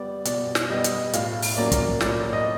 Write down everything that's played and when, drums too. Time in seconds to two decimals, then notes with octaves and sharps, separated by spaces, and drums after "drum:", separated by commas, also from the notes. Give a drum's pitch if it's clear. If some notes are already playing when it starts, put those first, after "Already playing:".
Already playing: G3 B3 D5
0.25 B2 D5, drum: hi-hat
0.55 drum: snare
0.70 G3 B3 D#5
0.84 drum: hi-hat
1.13 A2 F5, drum: hi-hat
1.42 drum: open hi-hat
1.56 F#3 A#3 C#4 D5
1.72 drum: kick, hi-hat
2.01 A2 D5, drum: snare
2.33 D#5